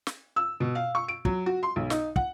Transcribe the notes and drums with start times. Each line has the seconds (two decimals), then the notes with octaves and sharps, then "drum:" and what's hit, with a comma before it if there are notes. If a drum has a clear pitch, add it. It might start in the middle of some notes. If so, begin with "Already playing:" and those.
0.07 drum: snare
0.36 E6
0.60 B2
0.75 F5
0.95 C#6
1.08 D7
1.25 F#3, drum: kick
1.46 F#4
1.63 C6
1.76 B1
1.90 D#4, drum: snare
2.16 F#5, drum: kick